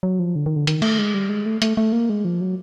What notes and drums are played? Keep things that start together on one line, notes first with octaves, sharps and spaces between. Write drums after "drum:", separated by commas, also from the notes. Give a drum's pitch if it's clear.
F#3
F3
D3
D#3
D3
D#3, drum: hi-hat
A3, drum: cymbal
G#3
G3
G#3
A3
A3, drum: hi-hat
A3
A#3
G#3
F3
F#3